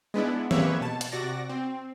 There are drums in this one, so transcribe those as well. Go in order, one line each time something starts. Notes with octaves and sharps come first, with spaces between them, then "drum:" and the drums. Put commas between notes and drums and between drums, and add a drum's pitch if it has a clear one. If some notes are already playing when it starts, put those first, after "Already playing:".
G#3 B3 D4 E4
G#3 A#3 G4 B4 C#5 E5, drum: tom
B2 A5
drum: hi-hat
C3 F#4 D5 A#6
C4